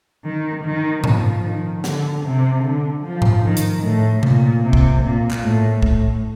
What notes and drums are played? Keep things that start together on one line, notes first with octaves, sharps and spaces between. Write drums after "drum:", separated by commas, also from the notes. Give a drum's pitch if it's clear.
D#3
D#3
F3, drum: tom G#2
D#3
D3, drum: snare
C3
D3
F3
drum: tom G#2
D#3
drum: hi-hat
A2
A#2, drum: tom C3
C3
drum: kick
A#2
drum: clap
A2
A2, drum: kick